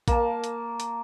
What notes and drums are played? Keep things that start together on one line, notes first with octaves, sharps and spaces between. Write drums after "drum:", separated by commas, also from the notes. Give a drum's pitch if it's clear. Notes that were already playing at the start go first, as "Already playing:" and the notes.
A#3 A5, drum: kick A#1, hi-hat
drum: hi-hat
drum: hi-hat